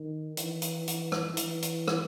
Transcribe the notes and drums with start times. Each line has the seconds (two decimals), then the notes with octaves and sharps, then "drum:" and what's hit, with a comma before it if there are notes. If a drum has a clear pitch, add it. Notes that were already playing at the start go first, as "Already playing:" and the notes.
Already playing: D#3
0.37 E3, drum: hi-hat
0.62 drum: hi-hat
0.87 E3, drum: hi-hat
1.12 drum: rim click
1.37 E3, drum: hi-hat
1.62 drum: hi-hat
1.88 drum: rim click